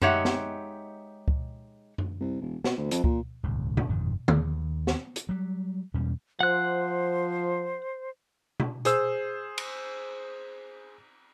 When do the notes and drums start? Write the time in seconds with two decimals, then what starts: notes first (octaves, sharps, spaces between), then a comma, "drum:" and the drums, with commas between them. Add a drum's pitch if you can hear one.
0.02 G#3 D#4 G4 C#5 E5 F#5, drum: tom F#2
0.25 drum: snare
1.28 drum: kick C#2
1.98 drum: tom F#2
2.21 C2
2.41 E1
2.64 B2, drum: snare
2.78 D2
2.91 F2, drum: hi-hat
3.04 A#2, drum: kick C#2
3.43 D#1 C#2 G#2
3.77 drum: tom B2
3.89 G1 F2 G#2 D#3
4.28 D#2, drum: tom D3
4.87 drum: snare
5.16 drum: hi-hat
5.29 F#3 G3
5.94 E2 B2 G3 C#4
6.41 F3 C5 F#5 F#6
8.60 drum: tom B2
8.85 G#4 C5 E6, drum: hi-hat
9.58 drum: cymbal